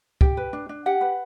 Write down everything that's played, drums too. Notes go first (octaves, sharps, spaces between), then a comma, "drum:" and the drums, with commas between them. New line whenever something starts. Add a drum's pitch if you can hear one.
G4 G5, drum: kick
B4
D4
D4
G4 F#5
B4